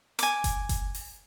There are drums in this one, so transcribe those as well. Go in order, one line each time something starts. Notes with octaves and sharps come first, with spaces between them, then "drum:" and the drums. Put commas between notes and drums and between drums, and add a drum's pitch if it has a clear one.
G#5 D6, drum: hi-hat
drum: kick F#1, hi-hat
drum: kick F#1, hi-hat
drum: open hi-hat